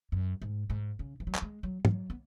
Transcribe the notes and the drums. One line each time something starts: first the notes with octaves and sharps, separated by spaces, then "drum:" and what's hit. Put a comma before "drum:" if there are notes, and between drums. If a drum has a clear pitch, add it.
F#2
G#2
G#2
C#3
E3
F#3
E3, drum: clap
G#3
F#3
F#3, drum: tom
B3